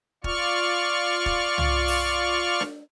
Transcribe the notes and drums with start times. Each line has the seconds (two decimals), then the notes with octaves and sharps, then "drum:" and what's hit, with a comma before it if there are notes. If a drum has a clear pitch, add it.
0.24 F4 D5 C#6 F6, drum: kick
1.26 drum: kick
1.58 drum: tom C2
1.88 drum: open hi-hat
2.61 drum: snare D4